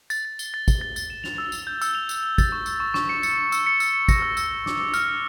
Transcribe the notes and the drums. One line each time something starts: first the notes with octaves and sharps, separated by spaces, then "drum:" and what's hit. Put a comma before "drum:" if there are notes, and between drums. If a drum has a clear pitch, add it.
A6, drum: tambourine
A6
G7, drum: tambourine
A6
G7, drum: kick, tambourine
A6
A6, drum: tambourine
E7
F7, drum: snare
E6
F7, drum: tambourine
G6
E6, drum: tambourine
F7
F7, drum: tambourine
F7
A6, drum: kick, tambourine
C#6
C#6, drum: tambourine
C#6
C#6, drum: snare
C#7
C#7, drum: tambourine
C#7
E6, drum: tambourine
C#7
E6, drum: tambourine
C#7
A#6, drum: kick, tambourine
E6
E6, drum: tambourine
A#6
D6, drum: snare
D6
F6, drum: tambourine
C#7